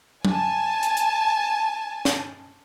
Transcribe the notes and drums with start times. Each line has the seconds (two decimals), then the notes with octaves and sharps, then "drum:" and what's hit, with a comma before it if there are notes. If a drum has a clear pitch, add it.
0.25 G#5 A5, drum: tom F#3
0.83 drum: hi-hat
0.97 drum: hi-hat
2.05 drum: snare